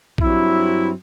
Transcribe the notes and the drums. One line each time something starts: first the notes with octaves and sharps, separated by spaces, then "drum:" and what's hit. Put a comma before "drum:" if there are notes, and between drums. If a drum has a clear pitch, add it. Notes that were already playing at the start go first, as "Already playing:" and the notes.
G2 F#3 C4 E4, drum: kick A#1